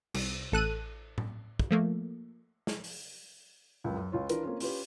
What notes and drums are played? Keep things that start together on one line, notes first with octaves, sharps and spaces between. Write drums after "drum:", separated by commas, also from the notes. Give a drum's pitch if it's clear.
C2, drum: cymbal
A1 A4 F#6 D#7
drum: tom A2
drum: kick
F3 A3 A#3
drum: snare
drum: open hi-hat
C#2 F#2
F#2
C#2 F4 C#5
E3 D4 F4 A#4 B4, drum: hi-hat
A#3 C4 C#4 F4
C#4 F4 G4 B4, drum: open hi-hat